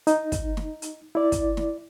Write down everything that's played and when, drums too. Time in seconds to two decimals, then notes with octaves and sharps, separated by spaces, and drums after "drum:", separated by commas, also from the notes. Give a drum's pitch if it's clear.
0.07 D#4, drum: hi-hat
0.32 drum: kick, hi-hat
0.57 drum: snare
0.82 drum: hi-hat
1.15 E4 D5
1.32 drum: kick, hi-hat
1.57 drum: snare